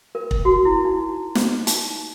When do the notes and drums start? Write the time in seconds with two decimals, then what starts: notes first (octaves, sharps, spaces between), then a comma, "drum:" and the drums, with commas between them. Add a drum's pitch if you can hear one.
0.15 A#4
0.31 drum: kick
0.45 F#4
0.65 E4
0.85 D#4
1.35 drum: snare
1.67 D#4, drum: hi-hat